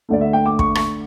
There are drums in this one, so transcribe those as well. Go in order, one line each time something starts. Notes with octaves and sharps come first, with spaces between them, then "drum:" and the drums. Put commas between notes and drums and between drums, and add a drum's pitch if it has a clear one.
D2 D3 A3 D5
E5
G5
D6
C#6, drum: kick
C#6, drum: rim click